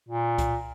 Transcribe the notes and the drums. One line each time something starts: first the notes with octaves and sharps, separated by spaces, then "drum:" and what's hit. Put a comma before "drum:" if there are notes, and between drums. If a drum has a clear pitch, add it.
A#2
drum: kick C2, hi-hat